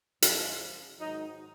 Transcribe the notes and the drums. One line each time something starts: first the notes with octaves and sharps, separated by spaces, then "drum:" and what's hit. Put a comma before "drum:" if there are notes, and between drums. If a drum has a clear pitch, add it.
F#2 F3 G#3, drum: hi-hat
G#2 D#3 F#3 D#4